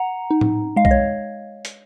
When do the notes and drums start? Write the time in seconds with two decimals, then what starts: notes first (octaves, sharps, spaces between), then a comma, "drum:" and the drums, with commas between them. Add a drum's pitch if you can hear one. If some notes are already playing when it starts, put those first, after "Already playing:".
Already playing: F#5 A#5
0.31 D#4
0.41 drum: tom A2
0.76 G#3 F5
0.85 D#5, drum: kick B1
0.91 C#5
1.65 drum: hi-hat